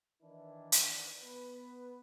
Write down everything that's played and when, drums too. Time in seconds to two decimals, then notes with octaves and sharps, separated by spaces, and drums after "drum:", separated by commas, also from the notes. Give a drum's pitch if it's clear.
0.22 D#3 E3 D4 E4
0.72 drum: hi-hat
1.21 B3 B4